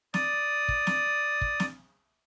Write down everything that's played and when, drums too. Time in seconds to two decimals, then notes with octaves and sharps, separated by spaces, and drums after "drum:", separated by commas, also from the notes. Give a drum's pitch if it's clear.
0.14 D5 D#6, drum: snare
0.68 drum: kick
0.87 drum: snare
1.41 drum: kick
1.60 drum: snare